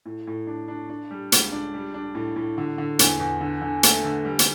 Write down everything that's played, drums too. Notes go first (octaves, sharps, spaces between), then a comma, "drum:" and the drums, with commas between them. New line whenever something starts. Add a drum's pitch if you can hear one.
A2
A2
D4
D4
D4
G3
C#2, drum: hi-hat
D4
G3
D4
A2
A2
D3
D3
E2, drum: hi-hat
E2
D3
D3
A3, drum: hi-hat
D3
G3
drum: hi-hat